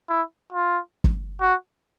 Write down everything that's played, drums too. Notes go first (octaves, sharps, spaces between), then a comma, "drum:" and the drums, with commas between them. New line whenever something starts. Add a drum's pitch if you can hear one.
E4
F4
drum: kick G1
F#4